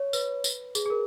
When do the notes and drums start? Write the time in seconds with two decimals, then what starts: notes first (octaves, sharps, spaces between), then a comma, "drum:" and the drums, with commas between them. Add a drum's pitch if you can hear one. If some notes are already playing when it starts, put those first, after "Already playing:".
Already playing: C#5
0.13 B4, drum: tambourine
0.44 drum: tambourine
0.75 G#4, drum: tambourine
0.86 G#4
0.90 A#4